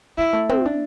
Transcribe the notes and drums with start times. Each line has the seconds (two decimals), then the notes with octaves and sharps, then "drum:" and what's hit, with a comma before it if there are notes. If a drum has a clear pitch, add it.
0.18 G3 E4
0.33 A3
0.49 C4, drum: tom
0.65 D4